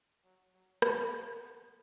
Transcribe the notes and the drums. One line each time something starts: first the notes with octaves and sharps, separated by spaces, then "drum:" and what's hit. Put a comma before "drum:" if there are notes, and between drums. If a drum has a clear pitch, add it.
F#3
F#3
A3, drum: rim click
B3